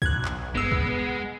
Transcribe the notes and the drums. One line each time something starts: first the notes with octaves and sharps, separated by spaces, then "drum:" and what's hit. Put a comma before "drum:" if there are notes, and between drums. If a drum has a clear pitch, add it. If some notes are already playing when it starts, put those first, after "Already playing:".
B1 F#6 G#6, drum: kick
drum: clap
G1 G#3 B3 E6
drum: kick